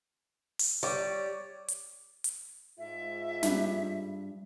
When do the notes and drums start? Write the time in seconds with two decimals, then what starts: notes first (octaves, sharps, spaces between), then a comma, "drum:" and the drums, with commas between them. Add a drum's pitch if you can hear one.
0.59 drum: open hi-hat
0.83 G3 C#5 D6
1.68 drum: hi-hat
2.24 drum: hi-hat
2.78 G#2 F4 E5
3.43 G2, drum: snare